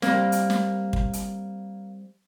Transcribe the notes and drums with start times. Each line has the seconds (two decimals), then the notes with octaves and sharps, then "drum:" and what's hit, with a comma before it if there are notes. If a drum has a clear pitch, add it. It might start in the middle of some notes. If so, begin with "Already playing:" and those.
0.02 G3 A#3 C4, drum: snare
0.32 drum: hi-hat
0.50 drum: snare
0.93 drum: kick
1.13 drum: hi-hat